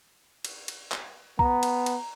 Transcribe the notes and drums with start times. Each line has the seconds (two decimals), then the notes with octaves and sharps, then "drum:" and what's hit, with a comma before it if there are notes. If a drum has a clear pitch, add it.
0.45 drum: cymbal
0.68 drum: cymbal
0.92 drum: clap
1.39 B3 A#5, drum: kick
1.63 drum: cymbal
1.86 drum: cymbal